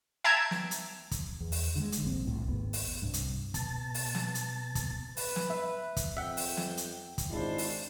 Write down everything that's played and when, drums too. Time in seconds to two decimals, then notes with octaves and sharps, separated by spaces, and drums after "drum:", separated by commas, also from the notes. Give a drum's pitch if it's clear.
0.24 E5 G5 A5 A#5 G#6
0.51 drum: snare
0.71 drum: hi-hat
1.11 drum: kick, hi-hat
1.40 E2
1.52 drum: open hi-hat
1.75 D3 F#3 G#3
1.92 drum: hi-hat
2.03 F1 A#1 G2 C4
2.27 C2 A2
2.48 G#1 D#2 B3
2.73 drum: open hi-hat
3.02 C2 G2
3.14 drum: hi-hat
3.54 B2 A5, drum: kick, hi-hat
3.94 drum: open hi-hat
4.15 drum: snare
4.35 drum: hi-hat
4.75 drum: kick, hi-hat
5.17 B4, drum: open hi-hat
5.36 drum: snare
5.50 E5
5.97 drum: kick, hi-hat
6.17 F2 E5 F#5 G5
6.37 drum: open hi-hat
6.57 drum: snare
6.77 drum: hi-hat
7.18 drum: kick, hi-hat
7.31 G#1 G#3 D4 E4 C5
7.58 drum: open hi-hat